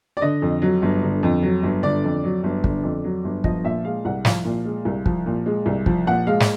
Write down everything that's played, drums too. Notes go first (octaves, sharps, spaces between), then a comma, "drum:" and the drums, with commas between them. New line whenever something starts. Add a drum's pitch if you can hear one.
D5
D3 D#5
F2
F#3
G1
D3
F2
F#3
G1
D3 D5
F2
F#3
G1
D3, drum: kick
F2
F#3
G1
F3 D#5, drum: kick
A#2 E5
G#3 F5
C2 F#5
F3 F5, drum: snare
A#2
G#3
C2
F3, drum: kick
A#2
G#3
C2
F3, drum: kick
A#2 F#5
G#3 F5
drum: snare